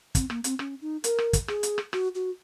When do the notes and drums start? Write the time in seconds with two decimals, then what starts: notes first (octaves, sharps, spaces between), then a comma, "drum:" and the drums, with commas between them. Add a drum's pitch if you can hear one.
0.15 C4, drum: kick, hi-hat
0.30 A#3, drum: rim click
0.44 C4, drum: hi-hat
0.59 C#4, drum: rim click
0.81 D#4
1.04 A#4, drum: hi-hat
1.18 drum: rim click
1.33 drum: kick, hi-hat
1.48 G#4, drum: rim click
1.63 drum: hi-hat
1.78 drum: rim click
1.93 F#4, drum: rim click
2.15 F#4